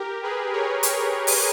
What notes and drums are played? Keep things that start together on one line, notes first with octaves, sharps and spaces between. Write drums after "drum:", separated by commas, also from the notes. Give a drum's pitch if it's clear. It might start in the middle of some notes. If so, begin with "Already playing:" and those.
Already playing: G4 A#4
G#4 B4
A#4 C#5
A#4 C#5, drum: hi-hat
drum: open hi-hat